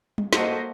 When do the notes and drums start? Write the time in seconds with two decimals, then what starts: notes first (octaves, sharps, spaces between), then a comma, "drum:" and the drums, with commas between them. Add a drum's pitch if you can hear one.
0.18 drum: tom G3
0.33 A#3 F#4 A4 C5 D#5, drum: snare